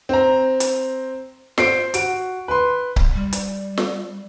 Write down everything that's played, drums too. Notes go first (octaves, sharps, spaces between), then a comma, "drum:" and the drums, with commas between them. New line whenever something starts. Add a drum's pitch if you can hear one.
C4 A#5
drum: hi-hat
C5 C7 D7, drum: snare
F#4 D7, drum: hi-hat
B4 C6
drum: kick C#1
G3
drum: hi-hat
drum: snare